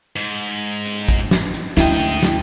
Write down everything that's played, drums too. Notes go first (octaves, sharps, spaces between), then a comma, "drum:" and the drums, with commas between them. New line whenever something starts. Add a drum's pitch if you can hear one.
G#2
drum: hi-hat
drum: kick, hi-hat
drum: snare
drum: hi-hat
D2 G#2 D4 E4 D#5 G5, drum: snare
drum: hi-hat
drum: snare